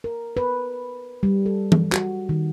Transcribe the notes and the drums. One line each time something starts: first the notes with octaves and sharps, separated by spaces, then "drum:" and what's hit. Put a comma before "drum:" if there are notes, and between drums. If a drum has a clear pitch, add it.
A#4
B4
G3
A4
drum: tom E3
F#4, drum: clap
D#3